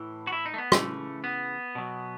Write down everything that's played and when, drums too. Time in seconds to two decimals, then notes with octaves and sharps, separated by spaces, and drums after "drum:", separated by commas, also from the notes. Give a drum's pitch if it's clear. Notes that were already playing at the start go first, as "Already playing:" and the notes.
Already playing: A2 E3
0.27 F#4
0.32 E4
0.46 D#4
0.54 A3
0.58 B3
0.72 C#3 E3 A3, drum: rim click
1.24 B3
1.75 B2 F#3